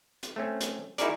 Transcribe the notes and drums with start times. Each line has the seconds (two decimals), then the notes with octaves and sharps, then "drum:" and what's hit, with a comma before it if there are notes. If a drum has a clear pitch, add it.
0.23 drum: hi-hat
0.36 A3 C4 C#4
0.61 drum: hi-hat
0.98 D#4 E4 F#4 G#4 A#4 D5, drum: hi-hat